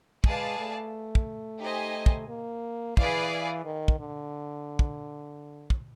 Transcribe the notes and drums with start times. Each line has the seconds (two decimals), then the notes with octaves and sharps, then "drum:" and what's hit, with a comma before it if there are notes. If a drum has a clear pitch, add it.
0.24 G#3 G#4 B4 D5 F5 A5, drum: kick
0.59 A3
1.15 drum: kick
1.60 D#4 G4 C5 D#5 G#5
2.06 drum: kick
2.28 A#3
2.97 E3 G#4 B4 D5 F5, drum: kick
3.65 D#3
3.88 drum: kick
3.99 D3
4.79 drum: kick
5.70 drum: kick